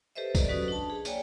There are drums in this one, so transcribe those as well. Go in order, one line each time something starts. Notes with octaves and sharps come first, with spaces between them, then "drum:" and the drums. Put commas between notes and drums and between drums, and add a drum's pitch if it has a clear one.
G4 A4 B4 C5 D#5 E5
A4 D5 D#5, drum: kick, tambourine
F#3 C#4 F#4 A4 B4 D#6
D4 A5
G#4
A#3 C#5 D5 G5 G#5, drum: tambourine